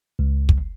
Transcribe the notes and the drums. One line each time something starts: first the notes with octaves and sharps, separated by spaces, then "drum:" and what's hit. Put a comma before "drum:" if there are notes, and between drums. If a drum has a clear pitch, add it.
C#2
drum: kick